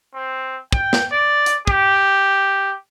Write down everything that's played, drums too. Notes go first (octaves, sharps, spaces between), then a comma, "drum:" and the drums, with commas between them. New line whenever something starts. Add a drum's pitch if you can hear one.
C4
G5, drum: kick
drum: snare
D5
drum: hi-hat
G4, drum: kick